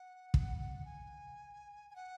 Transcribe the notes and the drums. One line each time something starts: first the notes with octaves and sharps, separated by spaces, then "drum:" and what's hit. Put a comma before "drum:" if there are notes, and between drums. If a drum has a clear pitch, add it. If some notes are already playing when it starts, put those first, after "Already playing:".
Already playing: F#5
drum: kick
G#5
G#5
F#5